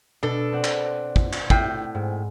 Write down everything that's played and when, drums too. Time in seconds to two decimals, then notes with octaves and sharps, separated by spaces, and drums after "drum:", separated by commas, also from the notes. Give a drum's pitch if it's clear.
0.23 B2 D4 A4
0.52 C4 D5 F#5
0.64 drum: clap
1.16 drum: kick
1.33 drum: clap
1.50 A2 G5, drum: kick
1.95 G#2